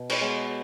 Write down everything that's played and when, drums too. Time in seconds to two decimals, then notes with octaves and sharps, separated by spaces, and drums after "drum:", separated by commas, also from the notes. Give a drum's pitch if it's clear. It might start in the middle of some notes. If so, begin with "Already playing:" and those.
Already playing: B2
0.09 B4 C#5, drum: cymbal
0.21 G#3 B3